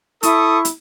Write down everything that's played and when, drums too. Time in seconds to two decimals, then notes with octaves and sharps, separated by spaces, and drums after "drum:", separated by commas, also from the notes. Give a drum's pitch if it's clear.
0.23 E4 A4 C#6 D#6, drum: hi-hat
0.65 drum: hi-hat